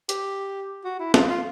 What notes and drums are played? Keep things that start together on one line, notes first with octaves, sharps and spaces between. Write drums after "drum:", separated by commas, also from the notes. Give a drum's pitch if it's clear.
G4, drum: hi-hat
F#4
E4
F4, drum: snare
F4